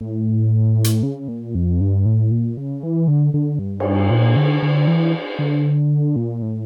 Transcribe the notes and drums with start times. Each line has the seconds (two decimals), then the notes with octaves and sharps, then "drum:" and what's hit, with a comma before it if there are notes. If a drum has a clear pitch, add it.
0.01 A2
0.84 drum: hi-hat
1.03 C#3
1.28 A#2
1.55 F2
1.81 G2
2.06 A2
2.31 A#2
2.57 C#3
2.83 E3
3.08 D3
3.34 D3
3.59 G2
3.80 drum: cymbal
4.11 A#2
4.36 D3
4.63 D3
4.87 E3
5.39 D3
6.16 A#2
6.42 A2